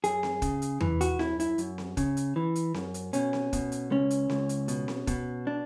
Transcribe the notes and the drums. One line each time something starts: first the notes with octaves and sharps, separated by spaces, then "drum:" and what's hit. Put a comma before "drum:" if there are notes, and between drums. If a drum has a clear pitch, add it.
F#2 G#4, drum: hi-hat
drum: snare C4
C#3, drum: kick, hi-hat
drum: hi-hat
E3, drum: tom E2
F#4, drum: hi-hat
F#2 E4, drum: snare C4
E4, drum: hi-hat
F#2, drum: hi-hat
drum: snare C4
C#3, drum: kick, hi-hat
drum: hi-hat
E3
drum: hi-hat
F#2, drum: snare C4
drum: hi-hat
B2 C#4, drum: hi-hat
drum: snare C4
B2, drum: kick, hi-hat
drum: hi-hat
C#2 C#4
drum: hi-hat
C#2, drum: snare C4
drum: hi-hat
B2, drum: hi-hat
drum: snare C4
B2, drum: kick, hi-hat
D4